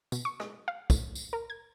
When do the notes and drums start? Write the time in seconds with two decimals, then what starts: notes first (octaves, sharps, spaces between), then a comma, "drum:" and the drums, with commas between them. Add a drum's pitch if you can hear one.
0.12 B2, drum: tambourine
0.25 C#6
0.40 G#3, drum: rim click
0.68 F5
0.90 A2, drum: kick, tambourine
1.15 drum: tambourine
1.33 A#4
1.50 G#6